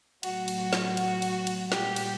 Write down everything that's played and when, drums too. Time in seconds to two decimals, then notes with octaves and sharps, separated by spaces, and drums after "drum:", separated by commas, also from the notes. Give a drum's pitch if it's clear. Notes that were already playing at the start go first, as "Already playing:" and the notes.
0.23 A2 F#3 F#4, drum: cymbal
0.48 drum: cymbal
0.60 F#4
0.73 drum: snare
0.97 F#4, drum: cymbal
1.22 drum: cymbal
1.47 drum: cymbal
1.72 A#2 G3 G4, drum: snare
1.96 drum: cymbal